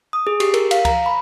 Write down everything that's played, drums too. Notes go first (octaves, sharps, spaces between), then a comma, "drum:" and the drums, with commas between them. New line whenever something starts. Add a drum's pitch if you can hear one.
D#6
G#4
G4, drum: cymbal
A#4, drum: cymbal
F5, drum: cymbal
A#5, drum: kick C#2, cymbal
B5